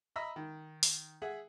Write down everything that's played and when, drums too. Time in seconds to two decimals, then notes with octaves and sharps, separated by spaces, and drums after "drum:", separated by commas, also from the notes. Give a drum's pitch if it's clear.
0.16 D#5 E5 A#5 B5 E6
0.36 D#3
0.83 drum: open hi-hat
1.22 G#4 E5 F#5